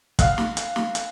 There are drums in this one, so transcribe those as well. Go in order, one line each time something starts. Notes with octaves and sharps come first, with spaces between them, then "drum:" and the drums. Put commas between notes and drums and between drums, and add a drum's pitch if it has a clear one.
F5 F#5, drum: kick, hi-hat
drum: snare
drum: hi-hat
drum: snare
drum: hi-hat